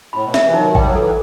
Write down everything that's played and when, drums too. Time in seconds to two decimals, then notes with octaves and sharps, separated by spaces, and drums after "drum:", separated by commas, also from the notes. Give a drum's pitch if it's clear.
0.13 A2 B5
0.24 B2
0.34 E5, drum: snare
0.44 C3 E3
0.54 D#3 F#3 D#4
0.75 G3 G5, drum: kick A1
0.86 F#3
0.96 E3 A4